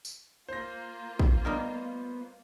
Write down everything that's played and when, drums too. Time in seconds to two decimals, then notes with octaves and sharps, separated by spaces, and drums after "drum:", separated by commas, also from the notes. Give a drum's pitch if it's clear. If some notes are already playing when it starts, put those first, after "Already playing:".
0.05 drum: tambourine
0.49 A#3 F4 C5 A#6
1.19 drum: kick
1.45 G3 B3 D#4 A#4